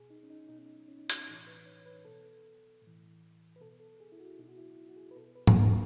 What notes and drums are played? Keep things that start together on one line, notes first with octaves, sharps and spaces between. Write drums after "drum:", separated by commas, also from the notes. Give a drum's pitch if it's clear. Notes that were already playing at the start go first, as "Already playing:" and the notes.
Already playing: B2 G#4
D#4
C#4
D#4
B2 D#4
C#4
D#4
C#4
D#4
C#4, drum: hi-hat
A2 E3 D#4
B4
C#5
B4
B2 A4
A2 E3
B4
B2 A4
A4
G#4
E4
F#4
B2 D#4
F#4
E4
F#4
G#4
B4
B2 A4
B4
drum: tom G#2
A4
B4